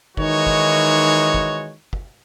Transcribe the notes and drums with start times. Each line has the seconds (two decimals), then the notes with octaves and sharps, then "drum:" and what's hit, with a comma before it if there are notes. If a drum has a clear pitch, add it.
0.17 D#3 E3 G#3 D#4 F#4 C#5, drum: kick
0.47 drum: kick
1.34 drum: kick
1.93 drum: kick